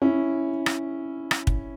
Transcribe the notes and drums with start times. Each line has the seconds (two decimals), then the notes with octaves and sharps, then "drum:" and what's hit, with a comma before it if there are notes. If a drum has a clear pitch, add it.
0.02 C#4 E4
0.66 drum: rim click
1.31 drum: rim click
1.47 drum: kick